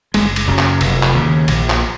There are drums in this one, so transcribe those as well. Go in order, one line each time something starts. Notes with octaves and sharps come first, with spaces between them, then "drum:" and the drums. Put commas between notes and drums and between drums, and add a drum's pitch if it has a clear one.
F#1 G#3, drum: cymbal
drum: cymbal
F#2 C#3 F#3
drum: clap
F1, drum: cymbal
drum: clap
D#2 C#3
A#1, drum: cymbal
drum: clap